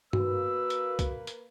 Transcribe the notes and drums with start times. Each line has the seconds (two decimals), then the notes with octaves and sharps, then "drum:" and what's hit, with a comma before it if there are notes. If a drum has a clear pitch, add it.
0.13 A#3 F#4 B4 E6, drum: tom G2
0.70 drum: hi-hat
0.99 drum: kick, hi-hat
1.27 drum: hi-hat